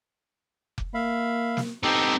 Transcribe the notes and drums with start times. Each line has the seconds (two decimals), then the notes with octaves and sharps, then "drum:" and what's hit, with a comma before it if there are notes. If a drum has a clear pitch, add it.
0.78 drum: kick F1
0.94 A#3 E5 F5 B5
1.57 drum: snare
1.83 B3 C4 D#4 G4 A4